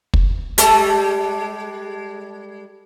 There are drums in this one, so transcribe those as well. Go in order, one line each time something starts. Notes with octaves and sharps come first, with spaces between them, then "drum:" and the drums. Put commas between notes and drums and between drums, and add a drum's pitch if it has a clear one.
drum: kick
G3 G#3 A4, drum: hi-hat